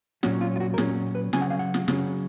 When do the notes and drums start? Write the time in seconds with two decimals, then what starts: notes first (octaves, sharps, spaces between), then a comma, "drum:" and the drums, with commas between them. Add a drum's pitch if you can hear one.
0.23 A#2 F#3 C#4 F#4, drum: snare
0.41 F4
0.56 F4
0.60 F#4
0.74 A#4
0.78 A#2 F#3 C#4 G#4, drum: snare
1.15 B4
1.33 C#3 F#3 C#4 G#5, drum: snare
1.41 F#5
1.50 F5
1.59 F#5
1.74 drum: snare
1.88 C#3 F#3 C#4, drum: snare